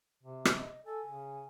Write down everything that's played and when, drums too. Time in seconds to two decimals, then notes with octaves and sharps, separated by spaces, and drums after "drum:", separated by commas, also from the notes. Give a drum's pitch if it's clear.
0.23 C3
0.45 drum: rim click
0.55 D#5
0.86 A4 G#5
1.06 C#3